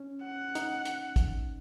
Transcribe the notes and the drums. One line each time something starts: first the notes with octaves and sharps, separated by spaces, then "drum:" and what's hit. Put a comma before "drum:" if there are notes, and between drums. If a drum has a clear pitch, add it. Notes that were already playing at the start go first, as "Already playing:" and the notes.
Already playing: C#4
F#5
D#4, drum: hi-hat
drum: hi-hat
drum: kick, hi-hat